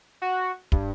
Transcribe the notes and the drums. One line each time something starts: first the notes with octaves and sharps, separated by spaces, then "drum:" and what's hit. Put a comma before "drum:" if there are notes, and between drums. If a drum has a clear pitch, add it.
F#4
G2, drum: kick